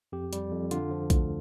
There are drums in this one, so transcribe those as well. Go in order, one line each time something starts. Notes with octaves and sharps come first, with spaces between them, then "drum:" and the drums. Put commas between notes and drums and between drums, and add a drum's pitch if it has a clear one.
F2 G4
G3, drum: hi-hat
F2
D3 F4, drum: hi-hat
F3
D2, drum: kick A#1, hi-hat